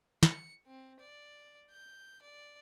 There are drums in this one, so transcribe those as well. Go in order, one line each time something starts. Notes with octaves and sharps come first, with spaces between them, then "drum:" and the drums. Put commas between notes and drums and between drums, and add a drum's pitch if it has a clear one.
C#7, drum: snare
C4
D5
G6
D5